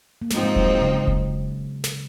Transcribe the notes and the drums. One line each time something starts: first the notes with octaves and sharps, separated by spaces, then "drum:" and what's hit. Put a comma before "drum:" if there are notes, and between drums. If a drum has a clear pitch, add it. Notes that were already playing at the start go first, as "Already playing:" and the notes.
A#3
G#2 F3 G#3 C4 D#4, drum: snare
G#3
F#3, drum: kick E1
C#3
drum: kick E1
C#3, drum: snare